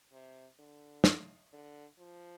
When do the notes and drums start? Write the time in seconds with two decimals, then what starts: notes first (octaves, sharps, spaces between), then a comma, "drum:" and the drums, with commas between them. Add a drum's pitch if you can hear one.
0.13 C3
0.59 D3
1.04 drum: snare
1.53 D3
2.00 F3